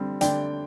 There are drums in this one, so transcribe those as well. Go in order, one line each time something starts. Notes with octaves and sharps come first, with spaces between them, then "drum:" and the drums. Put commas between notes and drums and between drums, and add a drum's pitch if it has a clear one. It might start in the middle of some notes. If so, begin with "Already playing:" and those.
Already playing: D3 G3 C4
D3 D5 G5, drum: hi-hat